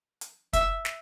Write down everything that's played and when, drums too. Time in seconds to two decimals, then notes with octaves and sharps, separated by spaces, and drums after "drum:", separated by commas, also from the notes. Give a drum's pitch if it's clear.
0.21 drum: hi-hat
0.53 E5, drum: kick, hi-hat
0.85 drum: snare